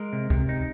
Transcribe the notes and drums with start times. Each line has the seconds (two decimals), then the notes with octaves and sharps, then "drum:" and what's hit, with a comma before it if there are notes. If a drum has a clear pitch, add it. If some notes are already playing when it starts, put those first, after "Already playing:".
Already playing: G#3 A#4
0.13 C3
0.30 C3, drum: kick
0.49 D#4